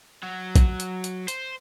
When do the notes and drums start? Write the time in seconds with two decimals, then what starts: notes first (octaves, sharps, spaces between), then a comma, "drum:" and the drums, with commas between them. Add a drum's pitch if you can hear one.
0.23 F#3
0.56 drum: kick A#1, hi-hat
0.80 drum: hi-hat
1.04 drum: hi-hat
1.28 C5, drum: hi-hat